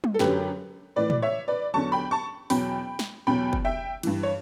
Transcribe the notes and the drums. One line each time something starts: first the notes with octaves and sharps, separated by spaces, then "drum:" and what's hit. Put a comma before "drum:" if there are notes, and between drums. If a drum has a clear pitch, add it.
drum: tom
A4
F#2 D3 F#3 G4 B4, drum: snare
A2 E3 B4 D5
drum: tom
C#5 E5
B4 D5
E2 D3 F#3 A5 C#6
G5 B5
A5 C#6
E2 B2 F#3 G5 B5, drum: open hi-hat
drum: snare
E2 B2 F#3 G5 B5
drum: kick
E5 G5
G2 E3, drum: cymbal
C#5